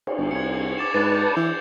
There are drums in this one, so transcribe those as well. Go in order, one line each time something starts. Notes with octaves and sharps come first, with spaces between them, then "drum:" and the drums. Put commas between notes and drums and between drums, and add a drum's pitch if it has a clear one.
drum: cymbal
G1
C2 G#6 C#7
D6 A6 E7
G#2 B4 A5
D6 G6 G#6
E3 G6